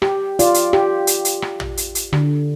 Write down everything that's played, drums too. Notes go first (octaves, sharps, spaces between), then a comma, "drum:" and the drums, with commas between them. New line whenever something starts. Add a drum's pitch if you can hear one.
G4, drum: rim click
F4 D5, drum: hi-hat
drum: hi-hat
G4, drum: rim click
drum: hi-hat
drum: hi-hat
drum: rim click
drum: tom
drum: hi-hat
drum: hi-hat
D3, drum: rim click